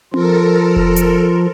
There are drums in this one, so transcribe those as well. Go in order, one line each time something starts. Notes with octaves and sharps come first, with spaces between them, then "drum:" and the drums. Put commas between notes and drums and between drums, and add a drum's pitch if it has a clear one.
F3 F4 A4 A#4, drum: tom C4
drum: kick F1
drum: hi-hat